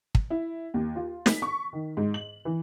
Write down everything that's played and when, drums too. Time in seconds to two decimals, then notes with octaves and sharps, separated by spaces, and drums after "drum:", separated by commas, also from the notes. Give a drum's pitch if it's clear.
0.15 drum: kick
0.30 E4
0.74 D#2
0.96 F4
1.26 B6, drum: snare
1.42 C#6
1.73 D#3
1.97 G#2
2.14 F#7
2.45 E3